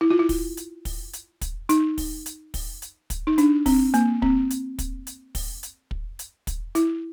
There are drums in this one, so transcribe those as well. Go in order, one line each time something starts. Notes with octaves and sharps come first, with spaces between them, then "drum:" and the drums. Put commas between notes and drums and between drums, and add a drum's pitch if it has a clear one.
E4
F4
E4
drum: kick, open hi-hat
drum: hi-hat
drum: kick, open hi-hat
drum: hi-hat
drum: kick, hi-hat
D#4, drum: hi-hat
drum: kick, open hi-hat
drum: hi-hat
drum: kick, open hi-hat
drum: hi-hat
drum: kick, hi-hat
D#4
D4, drum: hi-hat
C4, drum: kick, open hi-hat
A#3, drum: hi-hat
C4, drum: kick
drum: hi-hat
drum: kick, hi-hat
drum: hi-hat
drum: kick, open hi-hat
drum: hi-hat
drum: kick
drum: hi-hat
drum: kick, hi-hat
E4, drum: hi-hat